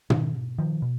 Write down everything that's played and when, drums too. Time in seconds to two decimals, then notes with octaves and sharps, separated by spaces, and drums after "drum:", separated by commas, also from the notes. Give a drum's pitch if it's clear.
0.10 B2 D#3, drum: tom
0.59 D#3 F3
0.82 B2